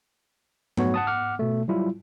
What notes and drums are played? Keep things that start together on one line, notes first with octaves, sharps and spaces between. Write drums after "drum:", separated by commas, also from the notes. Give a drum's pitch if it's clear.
F#3 A3 B3 F#4 B4 C#5, drum: tom
F#5 A5 D#6
F#5 D6 F6
B2 A3
F#3 G3 E4 F4